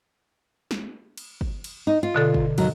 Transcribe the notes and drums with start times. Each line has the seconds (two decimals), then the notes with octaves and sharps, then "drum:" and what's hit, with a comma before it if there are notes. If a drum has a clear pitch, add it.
0.71 drum: snare
1.18 drum: cymbal
1.41 drum: kick
1.64 drum: cymbal
1.87 D#4
2.03 F4
2.14 B2 D3 A4
2.34 drum: kick
2.58 D#2 F#3, drum: cymbal